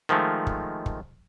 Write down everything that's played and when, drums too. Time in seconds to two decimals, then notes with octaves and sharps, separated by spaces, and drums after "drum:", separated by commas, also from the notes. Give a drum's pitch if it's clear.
0.09 D#3 F3 G#3 A3
0.47 drum: kick
0.86 drum: kick